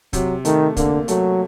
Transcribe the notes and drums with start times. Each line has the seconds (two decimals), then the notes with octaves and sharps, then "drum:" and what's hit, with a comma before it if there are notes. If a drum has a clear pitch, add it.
0.13 C3 F#3, drum: kick, hi-hat
0.45 D#3 A3, drum: hi-hat
0.77 D3 A#3, drum: kick, hi-hat
1.08 F#3 A3, drum: hi-hat